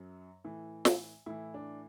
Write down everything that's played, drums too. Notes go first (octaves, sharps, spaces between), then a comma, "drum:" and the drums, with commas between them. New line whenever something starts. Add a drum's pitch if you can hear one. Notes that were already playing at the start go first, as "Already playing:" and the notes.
Already playing: F#2 F#3
A2 E3
drum: snare
A2 E3 E4
D4